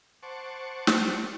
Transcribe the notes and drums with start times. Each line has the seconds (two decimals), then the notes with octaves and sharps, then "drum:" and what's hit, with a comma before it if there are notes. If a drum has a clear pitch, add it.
0.23 C5 F#5 A5 C#6 D6
0.87 drum: snare